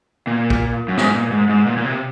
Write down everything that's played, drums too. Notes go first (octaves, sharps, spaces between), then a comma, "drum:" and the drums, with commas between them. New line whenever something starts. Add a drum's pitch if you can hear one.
A#2
drum: kick
F#2
G#2, drum: snare
A#2
G#2
G#2
A#2
A#2
C3